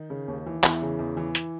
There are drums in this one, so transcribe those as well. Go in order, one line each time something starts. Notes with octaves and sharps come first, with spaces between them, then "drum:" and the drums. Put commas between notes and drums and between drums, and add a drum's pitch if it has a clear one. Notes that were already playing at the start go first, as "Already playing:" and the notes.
Already playing: D#3 D#4
C#3
D#2
E3
E2 E3 E4, drum: clap
C#3
E2
E3
drum: hi-hat